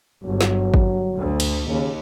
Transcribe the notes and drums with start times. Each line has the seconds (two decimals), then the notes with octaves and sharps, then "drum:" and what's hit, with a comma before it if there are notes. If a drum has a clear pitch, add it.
0.24 G1 F#3
0.41 drum: snare
0.74 drum: kick
1.15 D2
1.40 drum: cymbal
1.68 D#2 C#3